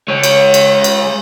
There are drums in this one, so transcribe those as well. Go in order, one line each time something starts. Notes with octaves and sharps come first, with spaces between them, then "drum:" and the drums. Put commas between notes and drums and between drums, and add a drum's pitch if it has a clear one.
G#3 C#5
drum: cymbal
drum: cymbal
drum: cymbal